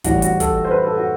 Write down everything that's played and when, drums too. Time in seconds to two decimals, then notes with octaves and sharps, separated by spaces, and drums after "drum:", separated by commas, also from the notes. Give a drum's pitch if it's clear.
0.04 A2 E3 G3 F#4, drum: kick, hi-hat
0.22 F#4, drum: hi-hat
0.40 A4, drum: kick, hi-hat
0.64 C5
0.71 B4
0.84 A4
0.97 F#4